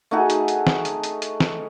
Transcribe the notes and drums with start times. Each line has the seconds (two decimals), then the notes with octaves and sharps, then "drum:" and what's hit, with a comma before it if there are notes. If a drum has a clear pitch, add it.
0.11 A3 D#4 F#4 G#4
0.30 drum: hi-hat
0.48 drum: hi-hat
0.67 drum: snare
0.85 drum: hi-hat
1.04 drum: hi-hat
1.22 drum: hi-hat
1.40 drum: snare